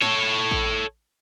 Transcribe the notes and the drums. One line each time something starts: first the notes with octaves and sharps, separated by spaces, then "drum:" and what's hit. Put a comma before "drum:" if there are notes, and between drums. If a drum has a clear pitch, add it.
A4 C#5, drum: snare
drum: kick A1